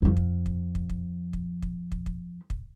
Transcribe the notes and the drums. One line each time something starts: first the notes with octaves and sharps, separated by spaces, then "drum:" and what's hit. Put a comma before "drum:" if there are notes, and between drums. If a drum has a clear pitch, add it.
F2 F3
drum: kick
drum: kick
drum: kick
drum: kick
drum: kick
drum: kick
drum: kick
drum: kick
drum: kick